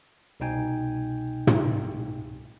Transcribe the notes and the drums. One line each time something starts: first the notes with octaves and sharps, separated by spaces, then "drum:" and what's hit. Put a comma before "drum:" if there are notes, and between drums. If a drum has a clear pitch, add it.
C2 B2 D#4 G5 G#5
drum: tom